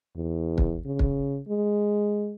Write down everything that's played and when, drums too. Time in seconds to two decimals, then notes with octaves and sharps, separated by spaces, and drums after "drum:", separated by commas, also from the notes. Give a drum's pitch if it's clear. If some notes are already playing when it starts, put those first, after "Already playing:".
0.16 E2
0.58 drum: kick
0.86 C#3
0.99 drum: kick
1.48 G#3